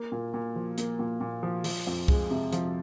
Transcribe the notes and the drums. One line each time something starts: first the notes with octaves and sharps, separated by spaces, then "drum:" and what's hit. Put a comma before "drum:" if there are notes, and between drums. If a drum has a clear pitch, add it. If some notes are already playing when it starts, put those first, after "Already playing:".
Already playing: A#3
A#2
A#2
F3
A#3, drum: hi-hat
A#2
A#2
F3
F3, drum: open hi-hat
F2
G#3, drum: kick C2
C3
F3, drum: hi-hat